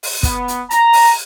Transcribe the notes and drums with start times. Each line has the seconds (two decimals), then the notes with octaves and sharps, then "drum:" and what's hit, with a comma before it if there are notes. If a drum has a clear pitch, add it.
0.03 drum: open hi-hat
0.23 B3, drum: kick, hi-hat
0.48 drum: hi-hat
0.71 A#5, drum: hi-hat
0.93 drum: open hi-hat